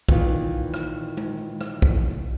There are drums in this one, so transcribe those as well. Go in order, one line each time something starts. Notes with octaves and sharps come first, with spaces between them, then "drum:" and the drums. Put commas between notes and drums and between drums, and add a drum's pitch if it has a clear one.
A#2 D#3 E3 F4, drum: kick
drum: rim click
drum: tom G#3
drum: rim click
drum: kick